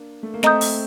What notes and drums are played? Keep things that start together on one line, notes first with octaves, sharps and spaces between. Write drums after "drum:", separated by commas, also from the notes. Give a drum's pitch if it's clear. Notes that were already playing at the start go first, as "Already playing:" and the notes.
Already playing: A#3 D4
A3
A#3
A3 C4 D#5 A#5 D#6 G6, drum: snare
drum: open hi-hat